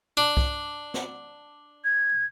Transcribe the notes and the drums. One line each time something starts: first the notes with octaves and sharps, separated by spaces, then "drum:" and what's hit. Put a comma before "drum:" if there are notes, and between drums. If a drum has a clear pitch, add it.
D4
drum: kick C2
drum: snare
G#6